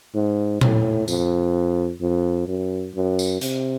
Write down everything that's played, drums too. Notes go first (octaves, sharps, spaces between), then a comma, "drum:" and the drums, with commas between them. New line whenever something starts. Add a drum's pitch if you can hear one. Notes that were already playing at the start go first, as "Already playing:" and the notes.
G#2
A2, drum: tom A#2
F2, drum: tambourine
F2
F#2
F#2
drum: tambourine
C3, drum: hi-hat